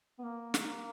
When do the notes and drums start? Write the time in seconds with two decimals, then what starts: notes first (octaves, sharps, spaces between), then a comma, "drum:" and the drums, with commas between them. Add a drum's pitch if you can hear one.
0.19 B3
0.23 A#3
0.54 drum: snare